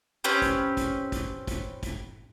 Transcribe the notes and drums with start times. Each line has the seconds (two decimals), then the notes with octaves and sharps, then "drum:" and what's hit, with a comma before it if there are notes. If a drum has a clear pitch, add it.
0.24 C4 C#4 G4 B4
0.42 drum: kick, hi-hat
0.77 drum: kick, hi-hat
1.12 drum: kick, hi-hat
1.47 drum: kick, hi-hat
1.83 drum: kick, hi-hat